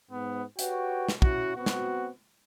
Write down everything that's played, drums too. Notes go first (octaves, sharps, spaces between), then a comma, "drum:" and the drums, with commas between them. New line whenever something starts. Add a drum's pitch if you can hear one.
G#2 B3
F#4 G4 B4 C#5 G5, drum: hi-hat
drum: snare
C#4 E4 F#4, drum: kick
B3 C4 F#4
drum: snare